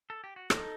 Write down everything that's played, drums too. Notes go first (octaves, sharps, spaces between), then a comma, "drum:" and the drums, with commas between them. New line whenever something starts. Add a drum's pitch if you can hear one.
A4
G4
F#4
D#4 A4, drum: rim click